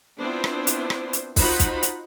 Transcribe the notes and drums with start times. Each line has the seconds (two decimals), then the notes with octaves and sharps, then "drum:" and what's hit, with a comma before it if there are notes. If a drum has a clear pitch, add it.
0.19 B3 C4 D4 E4 F4 C5
0.44 drum: rim click
0.67 drum: hi-hat
0.90 drum: rim click
1.13 drum: hi-hat
1.36 D#4 F4 F#4 C5 F#5 B5, drum: kick, open hi-hat
1.59 drum: kick, hi-hat
1.83 drum: hi-hat